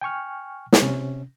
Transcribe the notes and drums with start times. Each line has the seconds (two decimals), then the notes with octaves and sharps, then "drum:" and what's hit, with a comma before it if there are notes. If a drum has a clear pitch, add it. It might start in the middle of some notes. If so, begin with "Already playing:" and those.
0.01 G5 G#5 C#6 F6
0.73 drum: snare
0.82 C3 C#4